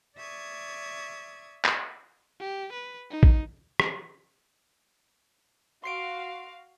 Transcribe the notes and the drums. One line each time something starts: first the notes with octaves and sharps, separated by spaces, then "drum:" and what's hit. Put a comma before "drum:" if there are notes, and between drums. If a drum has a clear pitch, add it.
D5 E5 C#6 D#6 G#6
drum: clap
G4
B4
D#4
drum: kick
drum: rim click
F#4 F5 C6 C7 D7